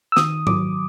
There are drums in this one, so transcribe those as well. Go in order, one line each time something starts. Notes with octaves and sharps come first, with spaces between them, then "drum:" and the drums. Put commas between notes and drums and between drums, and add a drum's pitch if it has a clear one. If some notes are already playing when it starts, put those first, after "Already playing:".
E6
D#3 D#6, drum: snare
F#3 D6, drum: tom G#2